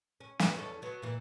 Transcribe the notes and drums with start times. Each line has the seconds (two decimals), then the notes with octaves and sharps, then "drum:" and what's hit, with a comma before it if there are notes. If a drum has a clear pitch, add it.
0.20 C#4
0.39 B2 B3, drum: snare
0.56 E2 C#4 A4
0.82 F#3 B3
1.02 A#2 E3